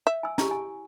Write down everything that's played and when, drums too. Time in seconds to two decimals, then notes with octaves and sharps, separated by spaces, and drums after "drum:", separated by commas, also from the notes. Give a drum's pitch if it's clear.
0.07 E5
0.23 G#5 E6
0.38 E4 G4 C#5, drum: snare
0.51 G#5